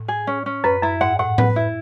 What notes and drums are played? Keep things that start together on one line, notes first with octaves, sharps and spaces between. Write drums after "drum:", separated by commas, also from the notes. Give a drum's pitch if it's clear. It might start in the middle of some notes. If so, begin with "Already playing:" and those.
Already playing: A2
G#4
C#4
C#4
F#2 B4
F#2 E4
G#2 F#5
A2 F#5
B4, drum: tom A2
E4